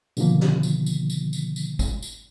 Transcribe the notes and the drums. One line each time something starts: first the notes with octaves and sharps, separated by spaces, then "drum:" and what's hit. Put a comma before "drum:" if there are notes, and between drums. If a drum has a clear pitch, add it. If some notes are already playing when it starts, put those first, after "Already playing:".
B2 D3 D#3 F3 A#3, drum: tambourine
drum: snare
drum: tambourine
drum: tambourine
drum: tambourine
drum: tambourine
drum: tambourine
drum: kick G#1, tambourine
drum: tambourine